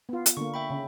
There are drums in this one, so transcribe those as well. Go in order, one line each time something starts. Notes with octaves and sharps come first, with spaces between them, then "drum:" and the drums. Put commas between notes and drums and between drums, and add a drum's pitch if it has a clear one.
B3 F4
drum: hi-hat
D3 A#3 C#6
E5 G5 B5
C#3